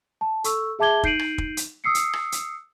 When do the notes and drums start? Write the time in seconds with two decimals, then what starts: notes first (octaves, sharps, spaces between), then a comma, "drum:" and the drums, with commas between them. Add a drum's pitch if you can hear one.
0.21 A5
0.44 A4 C#6 E6, drum: hi-hat
0.79 G#4 E5 A5 D6 G#6 G7
1.03 D#4 G6 C7 D7 D#7 F#7, drum: kick
1.19 drum: rim click
1.38 drum: kick
1.57 drum: hi-hat
1.84 D#6 E6 C7 C#7
1.95 drum: hi-hat
2.13 drum: rim click
2.32 drum: hi-hat